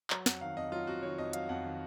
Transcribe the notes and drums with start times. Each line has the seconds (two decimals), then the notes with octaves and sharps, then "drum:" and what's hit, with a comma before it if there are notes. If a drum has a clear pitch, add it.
0.10 F#3 A#5, drum: clap
0.26 F2 F#5, drum: snare
0.41 D#3 F5
0.57 F2 D#5
0.72 F#3 F4
0.87 F2 F#4
1.02 D#3 C#5
1.18 F2 D#5
1.33 F#3 F5, drum: hi-hat
1.49 F2 F#5
1.64 D#3